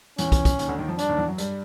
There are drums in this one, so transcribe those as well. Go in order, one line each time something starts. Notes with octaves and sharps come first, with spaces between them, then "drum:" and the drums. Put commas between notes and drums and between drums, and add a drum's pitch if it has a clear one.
E2 E3 C#4, drum: hi-hat
drum: kick, hi-hat
drum: kick, hi-hat
D#2 D#3, drum: hi-hat
D2 D3
D#2 D#3
F2 F3
G2 G3 D4, drum: hi-hat
D#2 D#3
E2 E3
F#2 F#3
G2 G3, drum: hi-hat